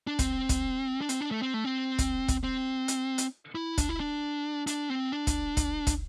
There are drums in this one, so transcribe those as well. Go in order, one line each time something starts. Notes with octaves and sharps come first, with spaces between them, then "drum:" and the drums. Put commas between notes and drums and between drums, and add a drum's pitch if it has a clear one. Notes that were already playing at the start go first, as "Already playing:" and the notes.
D4
C4, drum: kick, hi-hat
drum: kick, hi-hat
D4
C4, drum: hi-hat
D4
A3
C4
A3
C4
drum: kick, hi-hat
drum: kick, hi-hat
C4
drum: hi-hat
drum: hi-hat
E4
D4, drum: kick, hi-hat
E4
D4
D4, drum: hi-hat
C4
D4
drum: kick, hi-hat
drum: kick, hi-hat
drum: kick, hi-hat